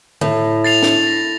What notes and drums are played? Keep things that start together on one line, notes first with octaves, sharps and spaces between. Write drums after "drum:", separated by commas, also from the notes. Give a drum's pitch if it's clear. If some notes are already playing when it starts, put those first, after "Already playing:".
A2, drum: tom D3
A6 C7 F7
drum: snare
A#6